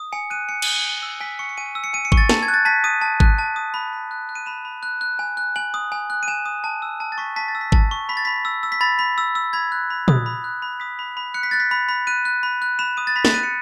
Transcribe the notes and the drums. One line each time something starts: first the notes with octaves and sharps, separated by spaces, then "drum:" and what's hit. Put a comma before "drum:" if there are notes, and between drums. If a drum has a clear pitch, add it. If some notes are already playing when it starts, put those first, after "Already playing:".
Already playing: D#6
G#5 C#7
F#6 D#7
G#5 C#7
D#6 D#7, drum: cymbal
C#7
G#5
E6
G#5 B6
C#6 C#7
C#7
G#5 D#7
E6
C#7
G#5 D#7
C#7
C#6, drum: kick G#1
A6
A5, drum: snare
G#6
F#6
A6
A5 B6
D#6 D#7
A5
F#6, drum: kick G#1
A5
D#6
B5
B5
F#6
F#6
D#7
B5 E7
B5
F#6
F#6
G#5
F#6
G#5 F#7
D#6
G#5
F#6
D#7
G#5 E7
D#6
A5
E6
A5
A6
C#6 B6
A5 B6
A6
E6
B6
A5, drum: kick G#1
C#6
B5 B6
A6
B5 B6
E6
E6
B6
B5 A6
B5
E6
E6
B5 G#6
F#6
B5
D#6, drum: tom
B5
F#6
B5
D#6 B6
B5
B5
F#6 C#7
B6
F#6 A6
B6
B5
B5
F#6 D#7
F#6
B5
F#6
B5 E7
D#6 D#7
A6
B5 B6
A6, drum: snare
F#6 D#7
C#7